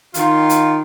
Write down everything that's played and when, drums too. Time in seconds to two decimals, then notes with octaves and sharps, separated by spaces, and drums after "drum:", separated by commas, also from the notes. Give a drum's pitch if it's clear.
0.14 D#3 F4, drum: hi-hat
0.49 drum: hi-hat